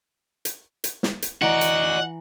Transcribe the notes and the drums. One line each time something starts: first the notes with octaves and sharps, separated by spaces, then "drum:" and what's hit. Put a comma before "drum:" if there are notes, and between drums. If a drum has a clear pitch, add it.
drum: hi-hat
drum: hi-hat
drum: snare
drum: hi-hat
E3 F#4 D5 D#5 F#5 A#5
drum: hi-hat